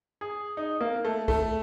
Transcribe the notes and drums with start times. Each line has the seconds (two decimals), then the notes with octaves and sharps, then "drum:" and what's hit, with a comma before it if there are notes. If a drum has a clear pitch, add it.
0.21 G#4
0.57 D#4
0.81 A#3
1.05 A3
1.28 A3, drum: kick B1